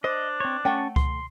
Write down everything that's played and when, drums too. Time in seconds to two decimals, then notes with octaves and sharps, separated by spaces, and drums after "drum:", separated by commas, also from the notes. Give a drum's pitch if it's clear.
0.04 D4 C5 D#5
0.40 C4 C#5
0.65 A3 C#4 F#5 G5 A5 C#6
0.96 C6, drum: kick C#2